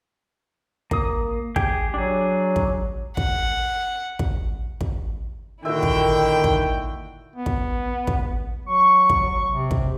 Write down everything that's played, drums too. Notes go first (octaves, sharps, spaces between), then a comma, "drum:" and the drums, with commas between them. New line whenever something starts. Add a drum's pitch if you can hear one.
A#3 D#6, drum: kick
G4 G#4 G5, drum: kick
F#3 D4 G#4
drum: kick
F#5, drum: kick
drum: kick
drum: kick
A#2 D3 D#3 E4 F#4 E5 G5
drum: kick
drum: kick
B3
drum: kick
drum: kick
F#3 C#6
drum: kick
C3
drum: kick